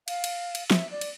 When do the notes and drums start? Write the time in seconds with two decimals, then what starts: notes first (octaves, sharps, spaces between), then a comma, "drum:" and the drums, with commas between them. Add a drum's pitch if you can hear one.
0.08 F5, drum: cymbal
0.24 drum: cymbal
0.55 drum: cymbal
0.71 E5, drum: snare
0.91 D5
1.01 drum: cymbal